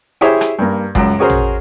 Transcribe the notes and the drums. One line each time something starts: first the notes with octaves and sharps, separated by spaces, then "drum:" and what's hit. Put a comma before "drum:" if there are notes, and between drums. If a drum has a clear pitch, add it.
E4 G4 G#4 C5 C#5 E5
drum: rim click
G2 A#3
C#2 F#2, drum: kick G1
C#4 F#4 G#4 A#4 C5
drum: tom